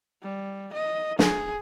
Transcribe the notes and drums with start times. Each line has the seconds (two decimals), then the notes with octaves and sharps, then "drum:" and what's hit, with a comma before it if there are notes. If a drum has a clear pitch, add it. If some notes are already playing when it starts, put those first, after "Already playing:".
0.22 G3
0.73 D#5
1.19 G#4, drum: snare